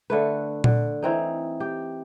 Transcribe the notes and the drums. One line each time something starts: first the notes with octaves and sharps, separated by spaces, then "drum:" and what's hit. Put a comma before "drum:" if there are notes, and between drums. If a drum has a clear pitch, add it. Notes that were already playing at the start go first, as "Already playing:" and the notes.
D3 A3 B4
D3, drum: tom A#2
E3 C4 D#4
G4